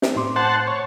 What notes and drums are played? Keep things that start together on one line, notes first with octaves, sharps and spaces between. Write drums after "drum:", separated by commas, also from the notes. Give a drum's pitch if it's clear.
C4 D#4, drum: snare
A2 C6 D6
C5 F#5 A5
C#5